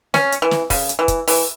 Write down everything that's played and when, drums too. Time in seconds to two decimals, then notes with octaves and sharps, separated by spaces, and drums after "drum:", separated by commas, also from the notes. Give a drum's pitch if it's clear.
0.14 C#4, drum: snare
0.32 drum: hi-hat
0.42 E3
0.51 drum: snare
0.70 C#3, drum: kick, open hi-hat
0.89 drum: hi-hat
0.99 E3
1.08 drum: kick, hi-hat
1.28 E3, drum: open hi-hat